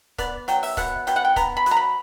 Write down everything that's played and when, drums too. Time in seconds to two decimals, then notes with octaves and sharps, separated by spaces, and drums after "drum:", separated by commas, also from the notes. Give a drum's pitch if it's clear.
0.18 B3 D5, drum: kick, hi-hat
0.48 F#3 G5, drum: hi-hat
0.63 E5, drum: open hi-hat
0.77 B2 F#5, drum: kick, hi-hat
1.07 B2 G5, drum: hi-hat
1.16 F#5
1.25 G5
1.36 B3 A#5, drum: kick, hi-hat
1.57 B5
1.66 F#3, drum: hi-hat
1.71 A#5
1.77 B5